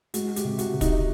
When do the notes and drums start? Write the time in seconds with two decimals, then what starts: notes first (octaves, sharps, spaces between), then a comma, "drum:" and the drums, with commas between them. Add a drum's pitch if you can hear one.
0.14 G#3 F#4, drum: hi-hat
0.36 G4, drum: hi-hat
0.44 C3
0.59 F#4, drum: hi-hat
0.74 C3
0.81 D#4, drum: kick, hi-hat